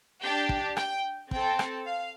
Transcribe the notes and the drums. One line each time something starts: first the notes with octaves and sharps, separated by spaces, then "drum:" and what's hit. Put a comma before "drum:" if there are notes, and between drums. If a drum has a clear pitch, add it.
D4 G4 G5
drum: kick
G5, drum: rim click
C4 A4 G5, drum: kick
drum: rim click
F5